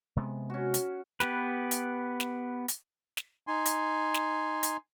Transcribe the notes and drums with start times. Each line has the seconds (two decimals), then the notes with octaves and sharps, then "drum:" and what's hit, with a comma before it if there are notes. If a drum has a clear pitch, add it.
0.16 C3 G#3 B3
0.50 C#4 F#4
0.74 drum: hi-hat
1.20 B3 G4 B4, drum: snare
1.71 drum: hi-hat
2.20 drum: snare
2.68 drum: hi-hat
3.17 drum: snare
3.47 D#4 G#5 C6
3.66 drum: hi-hat
4.14 drum: snare
4.63 drum: hi-hat